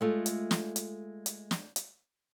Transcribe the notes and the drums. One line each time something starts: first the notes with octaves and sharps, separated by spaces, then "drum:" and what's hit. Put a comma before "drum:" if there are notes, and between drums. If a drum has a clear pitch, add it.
G#3 A3 F4
drum: hi-hat
drum: snare
drum: hi-hat
drum: hi-hat
drum: snare
drum: hi-hat